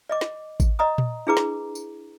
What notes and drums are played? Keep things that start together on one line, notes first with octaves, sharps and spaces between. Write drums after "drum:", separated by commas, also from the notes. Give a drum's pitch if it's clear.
D5 D#5 D6
drum: snare
drum: kick G#1, tambourine
D5 D#5 A#5 D#6
drum: tom A#2
D4 E4 G#4 B4 A#5 D6
drum: snare
drum: tambourine